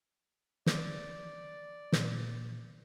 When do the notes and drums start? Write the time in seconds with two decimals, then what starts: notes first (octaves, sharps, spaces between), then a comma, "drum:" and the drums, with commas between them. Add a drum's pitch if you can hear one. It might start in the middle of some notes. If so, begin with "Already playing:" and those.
0.66 D5, drum: snare
1.92 A#2, drum: snare